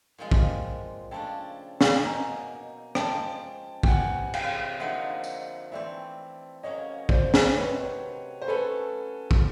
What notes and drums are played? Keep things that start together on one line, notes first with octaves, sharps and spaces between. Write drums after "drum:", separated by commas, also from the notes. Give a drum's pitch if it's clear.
A#2 F3 G#3 C4 F4
drum: kick
C#3 F3 A3 D4 G5 A5
drum: snare
B2 F#3 A#3 D#4 G#5 A#5
F3 G#3 C#4 G5 A5, drum: rim click
G5, drum: kick
C3 E3 A3 F#5 G#5
F5 G5, drum: cymbal
D3 F3 A#3 D#4 E5 F#5
drum: tambourine
E3 A3 C4 D5 E5
C#3 F#3 A#3 C#4 C#5 D#5
C5 D5, drum: kick
drum: snare
C3 D#3 F#3 A3 C4 B4 C#5
C5
F#3 A3 C#4 A4 B4
drum: kick